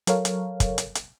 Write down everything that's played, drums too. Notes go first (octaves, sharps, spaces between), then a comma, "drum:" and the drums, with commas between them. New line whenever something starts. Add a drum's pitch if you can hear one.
F#3 A4 A#4 C#5 F5, drum: hi-hat
drum: hi-hat
drum: kick, hi-hat
drum: hi-hat
drum: hi-hat